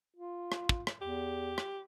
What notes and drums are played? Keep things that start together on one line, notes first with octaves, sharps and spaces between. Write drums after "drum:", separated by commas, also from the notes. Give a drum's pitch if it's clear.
F4
drum: rim click
drum: kick
drum: rim click
E2 G4
drum: rim click